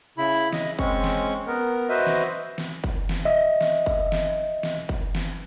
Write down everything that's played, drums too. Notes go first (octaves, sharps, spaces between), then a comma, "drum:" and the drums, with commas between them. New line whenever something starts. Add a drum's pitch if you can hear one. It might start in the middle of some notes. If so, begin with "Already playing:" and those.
C#3 E4 B5
D#5, drum: snare
G#3 C4 C#4 C#6, drum: kick
drum: snare
B3 A#4
F#4 B4 C5 D#5 E5
drum: snare
drum: snare
drum: kick
drum: snare
D#5 E5
drum: snare
drum: kick
drum: snare
drum: snare
drum: kick
drum: snare